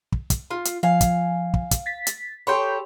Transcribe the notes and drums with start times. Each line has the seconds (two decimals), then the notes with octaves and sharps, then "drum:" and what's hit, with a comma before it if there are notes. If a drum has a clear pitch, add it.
0.12 drum: kick
0.30 drum: kick, hi-hat
0.51 F4
0.65 drum: hi-hat
0.83 F3 F5 G#5
1.01 drum: kick, hi-hat
1.54 drum: kick
1.71 drum: kick, hi-hat
1.86 A6 B6
2.07 drum: hi-hat
2.47 G4 A4 C#5 B5 C6 G6